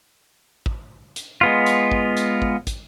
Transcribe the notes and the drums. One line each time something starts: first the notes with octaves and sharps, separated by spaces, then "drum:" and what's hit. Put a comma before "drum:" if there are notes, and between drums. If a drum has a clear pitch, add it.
drum: kick
drum: hi-hat
G#3 B3 F4
drum: hi-hat
drum: kick
drum: hi-hat
drum: kick
drum: kick, hi-hat